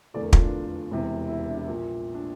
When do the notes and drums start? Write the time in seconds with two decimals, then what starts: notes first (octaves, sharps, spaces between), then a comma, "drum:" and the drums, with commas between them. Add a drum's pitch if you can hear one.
0.14 F1 E2 D3 D5
0.23 A#4
0.33 F4, drum: kick
0.43 D4
0.91 E1 E2 C3 E3
1.28 E4
1.39 E4
1.48 D4
1.58 E4
1.68 A#1 A#2
2.15 D4